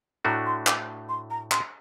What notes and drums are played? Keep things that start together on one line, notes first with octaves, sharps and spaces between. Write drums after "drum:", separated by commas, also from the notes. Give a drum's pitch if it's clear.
A2 A3 D4 F#4 A#5
C6
D6, drum: clap
C6
A#5
C6, drum: clap